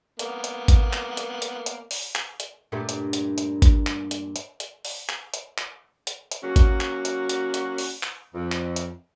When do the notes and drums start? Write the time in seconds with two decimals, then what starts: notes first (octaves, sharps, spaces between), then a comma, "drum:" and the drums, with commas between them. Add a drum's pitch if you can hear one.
0.19 A#3 B3, drum: hi-hat
0.44 drum: hi-hat
0.68 drum: kick G#1, hi-hat
0.93 drum: clap
1.17 drum: hi-hat
1.42 drum: hi-hat
1.66 drum: hi-hat
1.91 drum: open hi-hat
2.15 drum: clap
2.40 drum: hi-hat
2.72 G2 A#2 A3
2.89 drum: hi-hat
3.13 drum: hi-hat
3.38 drum: hi-hat
3.62 drum: kick G#1, hi-hat
3.87 drum: clap
4.11 drum: hi-hat
4.36 drum: hi-hat
4.60 drum: hi-hat
4.85 drum: open hi-hat
5.09 drum: clap
5.34 drum: hi-hat
5.58 drum: clap
6.07 drum: hi-hat
6.31 drum: hi-hat
6.43 F#3 A#3 C#4 F#4
6.56 drum: kick G#1, hi-hat
6.80 drum: clap
7.05 drum: hi-hat
7.29 drum: hi-hat
7.54 drum: hi-hat
7.78 drum: open hi-hat
8.03 drum: clap
8.35 F2
8.52 drum: clap
8.76 drum: hi-hat